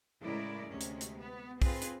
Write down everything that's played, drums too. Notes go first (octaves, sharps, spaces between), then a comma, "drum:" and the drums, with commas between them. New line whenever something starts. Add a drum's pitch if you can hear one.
A2 C#3 G#3 E4 A#4 D5
D2 C3 G#3 C#4
drum: hi-hat
drum: hi-hat
B3
C4 F4 G#4 B4, drum: kick, open hi-hat
drum: hi-hat